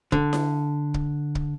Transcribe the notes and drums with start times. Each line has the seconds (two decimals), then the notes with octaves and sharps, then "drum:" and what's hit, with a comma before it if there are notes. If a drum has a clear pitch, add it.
0.12 D3, drum: kick
0.33 drum: snare E4
0.94 drum: kick
1.35 drum: kick